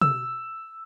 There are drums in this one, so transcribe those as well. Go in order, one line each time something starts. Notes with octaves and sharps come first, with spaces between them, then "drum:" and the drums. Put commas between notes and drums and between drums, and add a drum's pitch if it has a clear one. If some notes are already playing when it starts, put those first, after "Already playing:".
E6, drum: tom